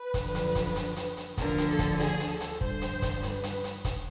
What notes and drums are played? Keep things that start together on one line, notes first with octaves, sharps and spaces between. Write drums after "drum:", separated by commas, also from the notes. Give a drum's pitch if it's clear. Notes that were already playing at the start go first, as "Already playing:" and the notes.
Already playing: B4
F#2 D3 F3, drum: kick, hi-hat
drum: hi-hat
drum: kick, hi-hat
drum: hi-hat
drum: hi-hat
drum: hi-hat
D2 D3 F3 A#4, drum: kick, hi-hat
drum: hi-hat
A4
drum: kick, hi-hat
G#4, drum: hi-hat
drum: hi-hat
A4
drum: hi-hat
G2 D3 F3 C5, drum: kick
drum: hi-hat
drum: kick, hi-hat
B4, drum: hi-hat
drum: hi-hat
drum: hi-hat
drum: kick, hi-hat